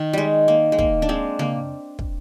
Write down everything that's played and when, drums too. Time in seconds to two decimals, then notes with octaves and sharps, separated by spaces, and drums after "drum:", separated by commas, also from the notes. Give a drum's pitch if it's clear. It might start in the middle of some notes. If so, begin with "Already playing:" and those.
Already playing: D#3
0.13 G3 G#3
0.48 A#3
0.72 G#3
0.79 A#3, drum: kick
1.02 D4
1.09 G#3 C4
1.39 A#3, drum: tom C#3
1.99 drum: kick